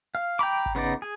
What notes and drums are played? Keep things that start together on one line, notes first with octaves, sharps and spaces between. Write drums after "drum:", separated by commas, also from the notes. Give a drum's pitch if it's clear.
F5
G5 A#5 B5 D6
drum: kick G#1, hi-hat
C#3 B3 D#4 D5
G#4